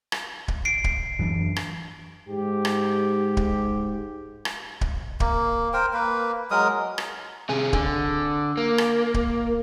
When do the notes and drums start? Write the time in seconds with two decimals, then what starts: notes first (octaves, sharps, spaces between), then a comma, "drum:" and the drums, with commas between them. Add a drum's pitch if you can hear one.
0.12 drum: rim click
0.48 drum: kick D1
0.65 C7 D7
0.84 drum: kick D1
1.19 F#2 E3 D4
1.56 drum: rim click
2.29 G#2 G4
2.65 drum: rim click
3.37 drum: kick D1
4.45 drum: rim click
4.81 drum: kick D1
5.20 A#3, drum: kick D1
5.73 A#4 C5 G5
5.93 A#3 B4
6.51 F#3 G#3 A#4 D#6
6.98 drum: rim click
7.49 C3 G#4
7.73 D3, drum: kick D1
8.57 A#3
8.78 drum: rim click
9.14 drum: kick D1